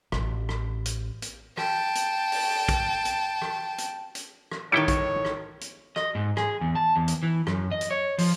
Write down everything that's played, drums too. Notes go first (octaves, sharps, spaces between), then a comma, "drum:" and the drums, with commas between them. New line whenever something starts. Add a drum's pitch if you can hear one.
A1, drum: rim click
drum: rim click
drum: hi-hat
drum: hi-hat
G5 A5, drum: rim click
drum: hi-hat
drum: open hi-hat
drum: kick, hi-hat
drum: hi-hat
drum: rim click
drum: hi-hat
drum: hi-hat
drum: rim click
A2 D#3 G3 E4 C#5 G5 C#7
drum: kick, hi-hat
drum: rim click
drum: hi-hat
D#5, drum: rim click
G#2
G#4, drum: rim click
E2
A5
E2
drum: hi-hat
E3
F#2, drum: rim click
D#5
drum: hi-hat
C#5
F3, drum: open hi-hat